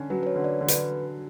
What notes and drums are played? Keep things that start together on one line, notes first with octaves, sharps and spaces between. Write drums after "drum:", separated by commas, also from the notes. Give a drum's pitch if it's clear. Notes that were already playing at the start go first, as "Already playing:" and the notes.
Already playing: D3 C#4
F#3 B4
B4
C#5
D3
D5
D3
B4, drum: hi-hat